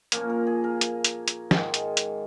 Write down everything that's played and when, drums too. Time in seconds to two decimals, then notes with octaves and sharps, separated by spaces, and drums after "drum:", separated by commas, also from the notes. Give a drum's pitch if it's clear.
0.12 A#2 F3 A#3 C#4 A#4, drum: hi-hat
0.30 A#4
0.47 G#4
0.64 A#4
0.81 drum: hi-hat
1.04 drum: hi-hat
1.28 drum: hi-hat
1.51 G#2 D#3 G#3, drum: snare
1.74 drum: hi-hat
1.97 drum: hi-hat